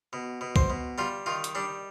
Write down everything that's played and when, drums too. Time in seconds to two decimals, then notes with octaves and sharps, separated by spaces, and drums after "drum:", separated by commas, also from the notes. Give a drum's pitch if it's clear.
0.13 B2
0.41 B2
0.56 C5, drum: kick C2
0.70 B2
0.98 G3 F4
1.26 D#3 F4
1.44 drum: hi-hat
1.55 G3 D4